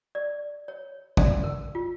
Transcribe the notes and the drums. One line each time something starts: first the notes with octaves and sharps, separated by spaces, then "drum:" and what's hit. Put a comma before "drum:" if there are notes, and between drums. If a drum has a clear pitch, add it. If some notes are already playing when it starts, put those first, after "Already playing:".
D5
C#5
D5, drum: kick
A#4
F4